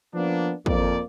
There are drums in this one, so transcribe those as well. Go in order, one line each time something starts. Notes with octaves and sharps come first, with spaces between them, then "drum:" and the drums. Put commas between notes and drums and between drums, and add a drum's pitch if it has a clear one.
F3 A#3 B3 D4
F2 A#3 D5, drum: kick